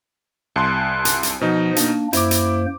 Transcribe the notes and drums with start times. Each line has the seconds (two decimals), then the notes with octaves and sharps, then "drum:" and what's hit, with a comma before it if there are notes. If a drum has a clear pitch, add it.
0.56 C2 A5 C6 F#6
1.05 drum: hi-hat
1.23 drum: hi-hat
1.41 B2 F3 D#4
1.76 A#3 D4, drum: hi-hat
2.13 F#2 A#3 E4 C5 D6, drum: hi-hat
2.31 drum: hi-hat